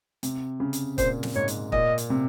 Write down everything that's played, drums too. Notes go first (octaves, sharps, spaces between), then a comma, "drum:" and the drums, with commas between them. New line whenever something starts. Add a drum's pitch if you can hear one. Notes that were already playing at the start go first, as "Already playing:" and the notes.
C3, drum: hi-hat
C#3
drum: hi-hat
A#2 C5, drum: kick, hi-hat
drum: snare
G#2 C#5
drum: hi-hat
A#2 D#5, drum: kick
drum: hi-hat
C3